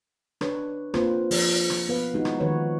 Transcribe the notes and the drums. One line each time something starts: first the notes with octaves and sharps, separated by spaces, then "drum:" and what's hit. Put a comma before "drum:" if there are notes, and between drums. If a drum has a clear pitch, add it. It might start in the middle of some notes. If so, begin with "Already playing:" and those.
D4 B4 C#5, drum: rim click
A#3 C4 F4 B4 C5, drum: rim click
F3, drum: open hi-hat
drum: rim click
B3 B4 F5
E3 G#3 D#4 F#4
drum: rim click
D#3 F3 F#4 B4 C#5